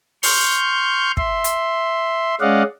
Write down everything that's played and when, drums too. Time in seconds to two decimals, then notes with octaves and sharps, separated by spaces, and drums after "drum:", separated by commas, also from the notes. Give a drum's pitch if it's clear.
0.23 C6 C#6 F6 G6, drum: open hi-hat
1.17 E5 C6, drum: kick
1.44 drum: hi-hat
2.41 G#3 C#4 D5 D#5 F5 F#5